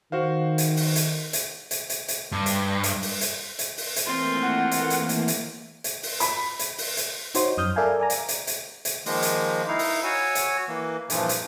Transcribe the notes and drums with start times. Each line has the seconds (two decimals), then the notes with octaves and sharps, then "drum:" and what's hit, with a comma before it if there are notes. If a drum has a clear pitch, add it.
0.12 D#3 F#4 C5 F5
0.58 drum: hi-hat
0.77 drum: open hi-hat
0.96 drum: hi-hat
1.33 drum: hi-hat
1.71 drum: hi-hat
1.90 drum: hi-hat
2.08 drum: hi-hat
2.32 G2
2.46 drum: hi-hat
2.84 drum: hi-hat
3.02 drum: open hi-hat
3.21 drum: hi-hat
3.59 drum: hi-hat
3.77 drum: open hi-hat
3.96 drum: hi-hat
4.05 E3 A3 A#3 C4 F4
4.42 F#5
4.71 drum: hi-hat
4.90 drum: hi-hat
5.09 drum: hi-hat
5.28 drum: hi-hat
5.84 drum: hi-hat
6.03 drum: open hi-hat
6.20 B5, drum: hi-hat
6.59 drum: hi-hat
6.78 drum: open hi-hat
6.97 drum: hi-hat
7.35 D#4 F#4 C5 C#5 C6, drum: hi-hat
7.58 F#2 D#6 F6 G6
7.76 A4 A#4 D5 E5 F5 G#5
8.00 D5 G#5 A#5
8.10 drum: hi-hat
8.29 drum: hi-hat
8.47 drum: hi-hat
8.85 drum: hi-hat
9.06 D#3 F3 G#3 A#3, drum: open hi-hat
9.22 drum: hi-hat
9.68 D#4 E4 F5
9.79 drum: open hi-hat
10.04 F#4 C#5 G#5 E6
10.35 drum: hi-hat
10.68 E3 A#3
11.10 G2 A#2 E3 F3, drum: hi-hat
11.29 drum: hi-hat